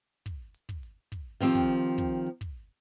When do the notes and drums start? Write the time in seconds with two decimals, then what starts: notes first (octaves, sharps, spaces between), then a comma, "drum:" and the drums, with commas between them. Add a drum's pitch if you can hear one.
0.26 drum: kick, hi-hat
0.54 drum: hi-hat
0.69 drum: kick
0.83 drum: hi-hat
1.12 drum: kick, hi-hat
1.40 D#3 F3 C4 G4, drum: hi-hat
1.55 drum: kick
1.69 drum: hi-hat
1.98 drum: kick, hi-hat
2.27 drum: hi-hat
2.41 drum: kick